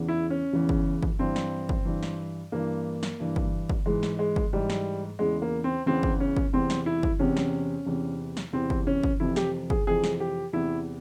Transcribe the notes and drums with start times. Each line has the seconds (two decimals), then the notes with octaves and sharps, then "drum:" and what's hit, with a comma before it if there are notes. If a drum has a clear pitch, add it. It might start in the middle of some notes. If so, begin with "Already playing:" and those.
Already playing: E2 C#3 E3
0.09 E4
0.30 C#4
0.53 E2 C#3 E3
0.69 drum: kick
1.02 drum: kick
1.19 G2 E3 C4
1.36 drum: snare
1.69 drum: kick
1.85 G2 E3
2.03 drum: snare
2.52 G2 E3 A#3
3.03 drum: snare
3.20 G2 E3
3.36 drum: kick
3.69 drum: kick
3.86 G#2 E3 G#3
4.03 drum: snare
4.19 G#3
4.36 drum: kick
4.53 G#2 E3 G3
4.70 drum: snare
5.19 E2 C#3 E3 G#3
5.42 A#3
5.64 C4
5.86 E2 C#3 E3 C4
6.03 drum: kick
6.20 C#4
6.36 drum: kick
6.53 E2 C3 E3 C4
6.70 drum: snare
6.86 E4
7.03 drum: kick
7.19 E2 C3 E3 C#4
7.37 drum: snare
7.86 E2 C3 E3
8.37 drum: snare
8.53 E2 C3 E3 C4
8.70 drum: kick
8.87 C#4
9.03 drum: kick
9.20 F2 C3 E3 E4
9.36 G4, drum: snare
9.70 G#4, drum: kick
9.87 F2 C3 E3 G#4
10.04 drum: snare
10.20 G4
10.53 E2 C3 E3 E4